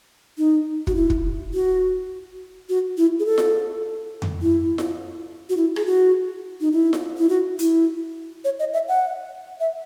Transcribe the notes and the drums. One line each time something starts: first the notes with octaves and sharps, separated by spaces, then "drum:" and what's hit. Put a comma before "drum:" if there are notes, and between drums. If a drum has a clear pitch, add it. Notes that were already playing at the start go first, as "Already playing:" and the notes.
D#4
F#4, drum: kick
E4
drum: kick
F#4
F#4
E4
G#4
A4
drum: snare F4
drum: tom F2
E4
drum: snare F4
F#4
E4
G#4, drum: rim click
F#4
D#4
E4
drum: snare F4
E4
F#4
E4, drum: hi-hat
C#5
D#5
E5
F#5
E5